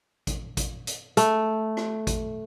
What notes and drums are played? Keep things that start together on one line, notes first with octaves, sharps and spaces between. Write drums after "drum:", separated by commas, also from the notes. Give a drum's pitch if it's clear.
drum: kick A1, hi-hat
drum: kick A1, hi-hat
drum: hi-hat
A3, drum: hi-hat
drum: rim click
drum: kick A1, hi-hat